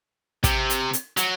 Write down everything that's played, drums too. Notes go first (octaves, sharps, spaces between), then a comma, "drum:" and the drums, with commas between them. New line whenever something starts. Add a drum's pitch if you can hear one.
C3, drum: kick, hi-hat
drum: hi-hat
drum: hi-hat
F#3, drum: hi-hat